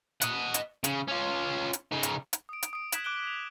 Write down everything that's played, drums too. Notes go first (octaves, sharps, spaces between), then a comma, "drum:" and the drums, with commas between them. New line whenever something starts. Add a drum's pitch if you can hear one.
D#5 F#5, drum: hi-hat
drum: hi-hat
C#3, drum: hi-hat
C#4 F4
drum: hi-hat
C#3 D#4
drum: hi-hat
drum: hi-hat
D#6 D7
drum: hi-hat
D#6 D7
D#6 F#6 G#6 B6 E7 F#7, drum: hi-hat
D6 F#6 D7 G7
F7